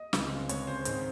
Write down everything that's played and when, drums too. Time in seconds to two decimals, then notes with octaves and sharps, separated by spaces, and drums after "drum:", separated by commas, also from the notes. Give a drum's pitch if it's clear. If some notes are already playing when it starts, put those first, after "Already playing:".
Already playing: D#5
0.13 C#2 C#3 G#3 C4, drum: snare
0.49 C#2 C#3 G#3 C4 C#5, drum: hi-hat
0.67 C5
0.85 G#2 D#3 G#3 C4, drum: hi-hat